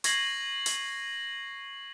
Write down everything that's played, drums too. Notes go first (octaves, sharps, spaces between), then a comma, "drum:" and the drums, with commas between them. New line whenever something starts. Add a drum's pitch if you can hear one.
C#6 G#6 A#6 C7 F#7, drum: hi-hat
drum: hi-hat